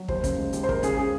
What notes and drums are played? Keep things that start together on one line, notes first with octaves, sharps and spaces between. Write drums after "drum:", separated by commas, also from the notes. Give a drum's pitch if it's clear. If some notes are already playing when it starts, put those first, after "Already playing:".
Already playing: F#3
D#2 C5, drum: kick
C#3, drum: kick, hi-hat
G#3
D#2, drum: hi-hat
C5
G#3 A#4, drum: kick
C#3 G#4, drum: kick, hi-hat
C#3 G#4